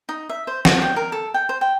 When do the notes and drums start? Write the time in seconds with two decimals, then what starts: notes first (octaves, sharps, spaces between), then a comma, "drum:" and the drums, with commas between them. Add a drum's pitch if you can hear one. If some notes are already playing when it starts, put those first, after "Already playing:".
0.09 D#4
0.29 E5
0.47 C5
0.65 F#4, drum: snare
0.82 G5
0.96 A#4
1.12 A4
1.34 G5
1.49 C5
1.61 G5